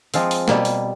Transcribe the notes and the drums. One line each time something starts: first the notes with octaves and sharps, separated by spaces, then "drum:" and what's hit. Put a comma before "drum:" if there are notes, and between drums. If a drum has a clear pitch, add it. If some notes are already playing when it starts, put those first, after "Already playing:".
F3 G#3 C4 F4, drum: open hi-hat
drum: open hi-hat
B2 G3 A#3, drum: snare
drum: open hi-hat